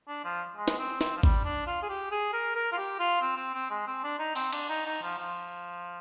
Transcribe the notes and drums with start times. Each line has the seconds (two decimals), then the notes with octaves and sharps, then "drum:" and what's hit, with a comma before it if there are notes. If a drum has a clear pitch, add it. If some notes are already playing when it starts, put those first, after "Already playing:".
0.08 D4
0.24 F3
0.57 G#3
0.68 drum: snare
0.79 C4
1.01 C4, drum: snare
1.17 F3
1.23 G3, drum: kick G#1
1.45 D4
1.67 F4
1.83 G#4
1.89 G4
2.11 G#4
2.33 A#4
2.55 A#4
2.72 F4
2.77 G4
2.99 F4
3.21 C4
3.37 C4
3.54 C4
3.70 G#3
3.87 C4
4.03 D4
4.19 D#4
4.35 C4, drum: open hi-hat
4.52 D4, drum: cymbal
4.69 D#4
4.86 D#4
5.02 F3
5.18 F3